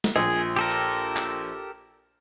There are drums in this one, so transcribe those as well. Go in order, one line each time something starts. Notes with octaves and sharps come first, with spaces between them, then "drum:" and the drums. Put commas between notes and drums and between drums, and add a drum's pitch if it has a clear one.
drum: snare
A#1 A#2 G#4
G4 A4 A#4, drum: cymbal
drum: cymbal
drum: clap